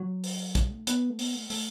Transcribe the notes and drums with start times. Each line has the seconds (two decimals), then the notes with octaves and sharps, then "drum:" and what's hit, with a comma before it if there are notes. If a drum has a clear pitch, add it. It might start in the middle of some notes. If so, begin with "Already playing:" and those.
Already playing: F#3
0.24 drum: open hi-hat
0.55 G3, drum: kick, hi-hat
0.71 A3
0.87 B3, drum: hi-hat
1.10 A3
1.19 B3, drum: open hi-hat
1.35 A3
1.50 A3, drum: open hi-hat